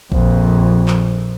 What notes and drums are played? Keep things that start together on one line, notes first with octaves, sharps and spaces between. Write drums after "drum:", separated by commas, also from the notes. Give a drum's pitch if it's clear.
A#1 F2, drum: kick A#1
drum: clap